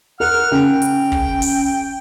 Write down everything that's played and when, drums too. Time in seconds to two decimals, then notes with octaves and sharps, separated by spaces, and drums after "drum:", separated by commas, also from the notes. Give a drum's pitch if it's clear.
0.20 A#4 F#5 F6
0.52 C#3 G5
0.82 drum: hi-hat
1.12 drum: kick
1.42 drum: open hi-hat